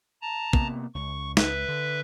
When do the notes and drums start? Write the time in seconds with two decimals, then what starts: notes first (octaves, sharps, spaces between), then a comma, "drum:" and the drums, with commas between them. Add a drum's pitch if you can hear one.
0.22 A5 A#5
0.53 C3 A#3 B3, drum: kick
0.95 C#2 C#6
1.37 B4 E5, drum: snare
1.68 D3